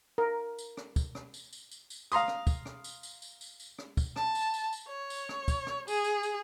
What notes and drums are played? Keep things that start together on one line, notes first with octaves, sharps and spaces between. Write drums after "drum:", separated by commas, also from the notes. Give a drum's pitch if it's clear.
A#4
drum: tambourine
drum: rim click
drum: kick, tambourine
drum: rim click
drum: tambourine
drum: tambourine
drum: tambourine
drum: tambourine
F5 A#5 C6 D#6, drum: tambourine
drum: rim click
drum: kick, tambourine
drum: rim click
drum: tambourine
drum: tambourine
drum: tambourine
drum: tambourine
drum: tambourine
drum: rim click
drum: kick, tambourine
A5, drum: rim click
drum: tambourine
drum: tambourine
drum: tambourine
C#5
drum: tambourine
drum: rim click
drum: kick, tambourine
drum: rim click
G#4, drum: tambourine
drum: tambourine
drum: tambourine